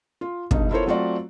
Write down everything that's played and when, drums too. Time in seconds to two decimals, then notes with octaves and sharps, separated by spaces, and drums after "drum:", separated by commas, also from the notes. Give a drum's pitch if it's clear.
0.21 F4
0.51 E1 G2 D#4, drum: kick
0.71 E4 F4 A4 A#4 C5 C#5
0.86 F#3 A3 C4 F4 F#4 D5